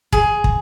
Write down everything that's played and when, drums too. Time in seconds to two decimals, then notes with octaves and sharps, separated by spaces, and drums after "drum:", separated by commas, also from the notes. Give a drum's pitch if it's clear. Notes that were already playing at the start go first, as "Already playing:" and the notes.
0.12 G#4, drum: kick
0.44 drum: kick